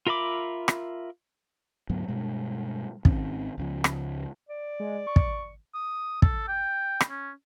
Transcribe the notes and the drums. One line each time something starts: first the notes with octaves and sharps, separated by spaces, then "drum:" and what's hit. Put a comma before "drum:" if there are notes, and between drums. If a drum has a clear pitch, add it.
F4 A#4 E5 B5 D6
drum: rim click
D2 G#2 F#3 B3
G2 B2 G#3
G#1 D#3 C4 C#4, drum: kick
C#2 C#3 F3
drum: rim click
D5
G#3
C#6
drum: kick
D#6
A4, drum: kick
G5
drum: rim click
C#4